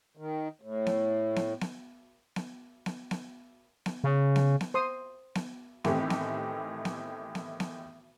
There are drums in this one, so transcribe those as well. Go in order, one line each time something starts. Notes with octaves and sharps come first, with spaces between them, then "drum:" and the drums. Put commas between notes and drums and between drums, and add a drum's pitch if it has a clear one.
D#3
A2
drum: snare B3
drum: snare B3
drum: snare B3
drum: snare B3
drum: snare B3
drum: snare B3
drum: snare B3
C#3
drum: snare B3
drum: snare B3
C5 C6 D#6
drum: snare B3
A2 D#3 E3 A3 C4 G4, drum: snare B3
drum: snare B3
drum: snare B3
drum: snare B3
drum: snare B3